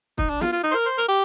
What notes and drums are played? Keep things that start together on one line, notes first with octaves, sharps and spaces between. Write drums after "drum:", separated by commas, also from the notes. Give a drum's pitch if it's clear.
D#4, drum: kick
D4
F4, drum: snare
F4
D#4
C5
A#4
C5
A#4
G4